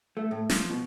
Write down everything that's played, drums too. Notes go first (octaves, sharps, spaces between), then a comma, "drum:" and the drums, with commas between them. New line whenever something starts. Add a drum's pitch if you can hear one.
A3
A2
F3, drum: snare
B2